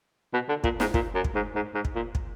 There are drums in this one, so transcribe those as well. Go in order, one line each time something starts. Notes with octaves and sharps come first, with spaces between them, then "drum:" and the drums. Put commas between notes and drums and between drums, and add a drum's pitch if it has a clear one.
B2
D3
A#2, drum: kick
G#2, drum: snare
A#2, drum: kick
F#2
drum: kick
G#2
G#2
G#2
drum: kick
A#2
drum: kick